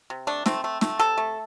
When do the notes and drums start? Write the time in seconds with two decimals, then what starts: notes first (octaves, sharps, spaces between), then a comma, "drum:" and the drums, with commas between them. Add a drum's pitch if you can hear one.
0.10 C3
0.27 A3 D4
0.46 A3 C4, drum: snare
0.64 A3
0.81 A3, drum: snare
0.99 C3 A4
1.18 A3